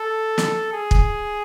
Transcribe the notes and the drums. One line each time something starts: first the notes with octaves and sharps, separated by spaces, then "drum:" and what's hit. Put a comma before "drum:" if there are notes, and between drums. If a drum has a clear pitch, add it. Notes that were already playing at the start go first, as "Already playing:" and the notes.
Already playing: A4
drum: snare
G#4
drum: kick